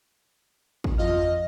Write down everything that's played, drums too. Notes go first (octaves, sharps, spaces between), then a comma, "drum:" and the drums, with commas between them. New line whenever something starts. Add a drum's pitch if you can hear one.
drum: kick
F2 F4 D#5 F6